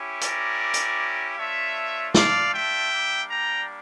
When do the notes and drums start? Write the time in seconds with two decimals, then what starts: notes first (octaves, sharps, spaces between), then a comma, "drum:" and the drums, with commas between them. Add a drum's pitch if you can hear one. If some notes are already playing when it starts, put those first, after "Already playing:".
Already playing: C#4 E4 G4
0.21 A#4 D5, drum: hi-hat
0.74 drum: hi-hat
1.37 A3 D4 F4 C#5 E5
2.14 D5 F5, drum: snare
2.53 E5 G5
2.92 G3 A#3 D4
3.31 G5 A#5